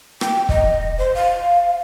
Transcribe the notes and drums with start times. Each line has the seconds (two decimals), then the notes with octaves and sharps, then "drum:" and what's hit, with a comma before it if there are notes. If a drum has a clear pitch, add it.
0.21 G5, drum: rim click
0.49 D#5, drum: kick
0.98 C5
1.15 F5